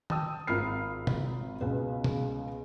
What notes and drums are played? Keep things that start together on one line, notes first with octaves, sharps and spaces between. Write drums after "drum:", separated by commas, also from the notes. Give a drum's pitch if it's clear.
G5 A5 D#6 E6, drum: tom D#3
G#1 F4 A#4 B5 F6 C7
drum: tom
C#2 B2 B4
drum: tom